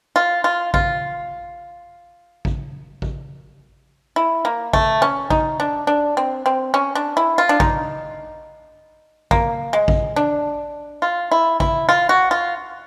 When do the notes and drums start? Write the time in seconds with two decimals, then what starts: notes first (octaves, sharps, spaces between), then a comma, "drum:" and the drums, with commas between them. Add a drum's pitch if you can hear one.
0.16 F4
0.44 F4
0.74 F4, drum: kick A1
2.45 drum: kick A1
3.02 drum: kick A1
4.16 E4
4.45 A#3
4.73 A3, drum: kick A1
5.02 C#4
5.30 D#4, drum: kick A1
5.60 D4
5.87 D4
6.17 C4
6.46 C4
6.74 C#4
6.95 D4
7.17 E4
7.38 F4
7.49 D4
7.60 D#4, drum: kick A1
9.31 A#3, drum: kick A1
9.73 G#3
9.88 drum: kick A1
10.16 D4
11.02 F4
11.32 E4
11.60 E4, drum: kick A1
11.89 F4
12.09 F#4
12.31 F4